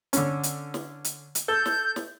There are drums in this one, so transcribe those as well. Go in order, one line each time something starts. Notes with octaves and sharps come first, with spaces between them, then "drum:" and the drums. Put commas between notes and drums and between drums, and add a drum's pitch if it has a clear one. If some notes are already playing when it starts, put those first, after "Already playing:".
D3 C#4, drum: hi-hat
drum: hi-hat
drum: snare
drum: hi-hat
drum: hi-hat
A4 G6
drum: snare
drum: snare